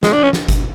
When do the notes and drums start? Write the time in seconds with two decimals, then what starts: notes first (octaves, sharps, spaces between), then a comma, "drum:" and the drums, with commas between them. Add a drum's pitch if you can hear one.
0.03 G#3, drum: snare
0.13 D4
0.23 C#4
0.33 drum: snare
0.48 drum: kick G1, hi-hat